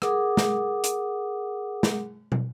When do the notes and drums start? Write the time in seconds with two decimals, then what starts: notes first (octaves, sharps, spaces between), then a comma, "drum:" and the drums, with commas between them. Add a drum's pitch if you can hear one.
0.02 G#4 A#4 F#5 D6 D#6, drum: rim click
0.37 drum: snare
0.84 drum: hi-hat
1.83 drum: snare
2.32 drum: tom